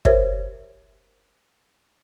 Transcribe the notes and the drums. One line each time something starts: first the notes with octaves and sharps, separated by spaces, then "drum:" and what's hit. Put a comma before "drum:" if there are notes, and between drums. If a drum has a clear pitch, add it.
G4 A#4 C5 C#5 E5, drum: kick